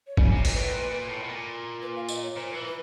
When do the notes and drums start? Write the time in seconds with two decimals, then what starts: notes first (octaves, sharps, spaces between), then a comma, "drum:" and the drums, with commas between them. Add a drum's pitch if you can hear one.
0.07 C#5
0.17 C#3 D5, drum: kick
0.31 C3 C#5
0.45 A#2, drum: open hi-hat
0.54 A2 B4
0.73 A#2
0.91 A#2
1.09 A2
1.23 B2
1.28 A#2
1.82 B4
1.96 F5
2.09 D#5, drum: tambourine
2.23 C#5
2.36 A#2 C5
2.50 A#4
2.55 E3 B4
2.66 B4